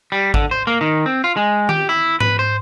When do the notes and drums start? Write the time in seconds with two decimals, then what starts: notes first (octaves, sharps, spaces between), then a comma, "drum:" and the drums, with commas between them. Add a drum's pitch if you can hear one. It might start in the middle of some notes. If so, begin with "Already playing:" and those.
0.12 G3
0.34 D3, drum: kick G#1
0.51 C5
0.67 A#3
0.81 D#3
1.06 C4
1.24 F4
1.37 G#3
1.69 G4, drum: tom D#3
1.89 E4
2.20 B4, drum: tom G#2
2.39 C5